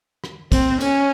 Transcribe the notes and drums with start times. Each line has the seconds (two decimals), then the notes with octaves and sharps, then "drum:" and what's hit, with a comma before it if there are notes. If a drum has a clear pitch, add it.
0.24 drum: rim click
0.52 C4, drum: kick, cymbal
0.80 C#4, drum: cymbal